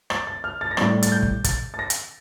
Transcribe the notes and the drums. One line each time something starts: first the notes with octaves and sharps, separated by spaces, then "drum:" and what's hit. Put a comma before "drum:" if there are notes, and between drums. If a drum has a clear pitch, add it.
A6, drum: rim click
A6
F6
A6
A#6
A2 G3 A6, drum: rim click
A6, drum: hi-hat
G6
drum: kick
A6, drum: kick, hi-hat
A6
A#6
drum: hi-hat